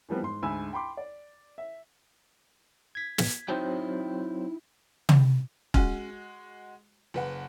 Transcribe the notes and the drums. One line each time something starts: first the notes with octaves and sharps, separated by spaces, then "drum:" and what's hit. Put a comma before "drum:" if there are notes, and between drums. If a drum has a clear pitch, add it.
E3 F3 G3 B3 C4
G#2 C6
D2 G#2 G#5 B5 E6
G5 B5 C6 D6
D5
E5
G#6 B6
drum: snare
F#3 C4 D#4 E4 C5 G5
drum: tom
G#3 C#4 F#4, drum: kick
F#1 B4 F#5